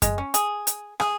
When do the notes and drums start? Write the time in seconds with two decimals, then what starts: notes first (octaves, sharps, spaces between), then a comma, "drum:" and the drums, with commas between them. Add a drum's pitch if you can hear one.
0.02 G#3, drum: kick F#2, hi-hat
0.18 C#4
0.34 G#4, drum: hi-hat
0.67 drum: hi-hat
1.00 G#4, drum: rim click